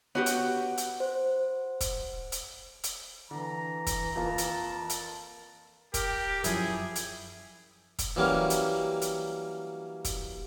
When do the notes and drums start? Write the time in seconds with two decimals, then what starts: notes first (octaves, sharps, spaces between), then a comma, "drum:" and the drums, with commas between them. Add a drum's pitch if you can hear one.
0.15 B3 F#4 G4 C#5
0.26 drum: hi-hat
0.77 drum: hi-hat
1.00 C5
1.80 drum: kick, hi-hat
2.32 drum: hi-hat
2.83 drum: hi-hat
3.31 D3 E3 A#5
3.86 drum: kick, hi-hat
4.16 F2 A#3 A5
4.38 drum: hi-hat
4.89 drum: hi-hat
5.94 G4 A#4, drum: kick, hi-hat
6.44 F#2 F3 E4 G#4, drum: hi-hat
6.96 drum: hi-hat
7.99 drum: kick, hi-hat
8.16 E3 F#3 G3 A#3 C#4
8.50 drum: hi-hat
9.02 drum: hi-hat
10.05 drum: kick, hi-hat